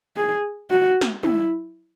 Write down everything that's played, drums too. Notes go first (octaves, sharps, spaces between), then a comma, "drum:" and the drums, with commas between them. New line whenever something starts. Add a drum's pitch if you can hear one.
G#4
F#4
drum: snare
E4, drum: tom